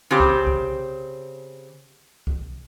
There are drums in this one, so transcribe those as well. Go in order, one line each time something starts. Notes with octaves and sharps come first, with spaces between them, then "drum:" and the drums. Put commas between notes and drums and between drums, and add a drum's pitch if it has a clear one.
C#3 C4 G4
drum: kick C2
drum: kick C2
drum: kick C2